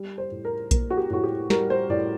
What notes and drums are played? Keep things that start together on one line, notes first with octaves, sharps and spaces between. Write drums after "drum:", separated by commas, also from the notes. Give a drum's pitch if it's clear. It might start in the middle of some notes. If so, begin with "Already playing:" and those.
Already playing: G3
C5
A2
A#4
A#3, drum: kick A#1, hi-hat
F#4
G4
A2 F#4
G4
G3 A#4, drum: snare
C5
A2 D5